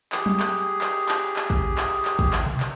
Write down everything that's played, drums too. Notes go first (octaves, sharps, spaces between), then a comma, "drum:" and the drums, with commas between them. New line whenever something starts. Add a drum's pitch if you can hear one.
G4 G#4, drum: clap
drum: tom
drum: clap
drum: clap
drum: clap
drum: clap
drum: kick
drum: clap
drum: clap
drum: kick
drum: clap
drum: tom B2
drum: clap